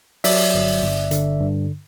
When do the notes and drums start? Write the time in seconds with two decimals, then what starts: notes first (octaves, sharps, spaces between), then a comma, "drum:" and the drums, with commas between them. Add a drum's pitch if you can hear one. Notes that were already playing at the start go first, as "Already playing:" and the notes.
0.24 F#3 D5 E5, drum: open hi-hat
0.54 G1
0.83 G1
1.11 D3, drum: hi-hat
1.40 G2